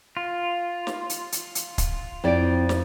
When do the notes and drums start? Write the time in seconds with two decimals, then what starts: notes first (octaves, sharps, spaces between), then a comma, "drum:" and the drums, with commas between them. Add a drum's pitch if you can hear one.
0.17 F4
0.87 drum: snare
1.10 drum: hi-hat
1.32 drum: hi-hat
1.55 drum: hi-hat
1.78 drum: kick, hi-hat
2.24 F2 C4 E4 D5 A6 D7
2.69 drum: snare